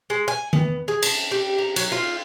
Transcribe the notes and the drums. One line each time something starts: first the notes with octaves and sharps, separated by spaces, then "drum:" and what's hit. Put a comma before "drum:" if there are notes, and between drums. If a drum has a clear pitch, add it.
G#3
G#5
B3, drum: tom D#3
G#4
A5, drum: cymbal
G4
A#5
F#3, drum: cymbal
F4